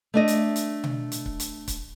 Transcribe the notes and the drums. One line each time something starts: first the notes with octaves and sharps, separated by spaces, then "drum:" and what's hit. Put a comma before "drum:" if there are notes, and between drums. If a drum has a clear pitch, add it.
A3 D4 D#5
drum: hi-hat
drum: hi-hat
drum: tom B2
drum: hi-hat
drum: kick C#1
drum: hi-hat
drum: kick C#1, hi-hat